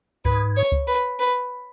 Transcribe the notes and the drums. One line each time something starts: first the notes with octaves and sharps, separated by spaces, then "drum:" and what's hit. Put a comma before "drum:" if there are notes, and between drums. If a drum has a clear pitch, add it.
G#2 B4, drum: kick C#2
C#5
drum: kick C#2
B4
B4